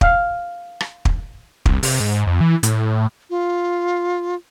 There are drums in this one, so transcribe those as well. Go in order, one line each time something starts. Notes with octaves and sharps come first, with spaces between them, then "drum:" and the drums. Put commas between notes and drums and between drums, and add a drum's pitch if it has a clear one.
F5 F6, drum: kick
drum: rim click
drum: kick
C2, drum: kick
C3, drum: open hi-hat
G#2
F2
E3
A2, drum: hi-hat
F4